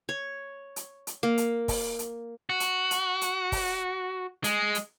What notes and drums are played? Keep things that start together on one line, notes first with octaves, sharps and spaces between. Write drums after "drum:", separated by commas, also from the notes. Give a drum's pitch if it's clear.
C#5
drum: hi-hat
drum: hi-hat
A#3
drum: hi-hat
drum: kick, open hi-hat
drum: hi-hat
F#4
drum: hi-hat
drum: hi-hat
drum: hi-hat
drum: kick, open hi-hat
G#3, drum: hi-hat
drum: hi-hat